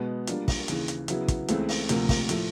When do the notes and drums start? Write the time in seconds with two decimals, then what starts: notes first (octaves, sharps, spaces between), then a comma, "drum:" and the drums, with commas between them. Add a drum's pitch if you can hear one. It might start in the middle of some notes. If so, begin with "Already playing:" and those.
Already playing: B2 G#3 B3
0.27 G3 A#3 D4 F4, drum: hi-hat
0.48 drum: kick, open hi-hat
0.68 D#2 C#3 E3, drum: hi-hat
0.88 drum: hi-hat
1.08 C#3 F#3 B3 E4, drum: hi-hat
1.28 drum: kick, hi-hat
1.48 C#2 C#3 E3 A3 C4, drum: hi-hat
1.69 drum: open hi-hat
1.89 D2 C3 F3 A#3, drum: hi-hat
2.09 drum: kick, open hi-hat
2.29 A2 F3 A3, drum: hi-hat